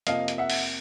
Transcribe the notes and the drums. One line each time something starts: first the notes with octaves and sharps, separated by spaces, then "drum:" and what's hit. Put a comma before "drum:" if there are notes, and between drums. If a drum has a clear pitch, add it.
F2 C3 F3 A#3 D#5 F5, drum: hi-hat
drum: hi-hat
E5 F#5
drum: open hi-hat